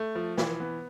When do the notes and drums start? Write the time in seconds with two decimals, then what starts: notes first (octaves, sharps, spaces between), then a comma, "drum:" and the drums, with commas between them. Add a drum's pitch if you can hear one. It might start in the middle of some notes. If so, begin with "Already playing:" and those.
Already playing: A3
0.15 F3
0.37 E3, drum: snare
0.60 B3